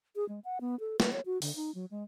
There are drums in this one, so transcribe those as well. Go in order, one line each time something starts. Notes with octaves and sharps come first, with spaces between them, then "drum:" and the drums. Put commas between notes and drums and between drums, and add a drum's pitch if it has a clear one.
G#4
G#3
F#5
B3
A4
B4, drum: snare
C#5
F#4
D3, drum: open hi-hat
D#4
F#3
G#3